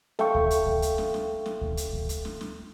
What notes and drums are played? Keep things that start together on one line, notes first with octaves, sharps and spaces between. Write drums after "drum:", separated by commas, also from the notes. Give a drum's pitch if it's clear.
A4 E5 F5 G5 C#6, drum: snare
drum: kick D2
drum: hi-hat
drum: kick D2
drum: hi-hat
drum: snare
drum: snare
drum: snare
drum: kick D2
drum: hi-hat
drum: kick D2
drum: hi-hat
drum: snare
drum: snare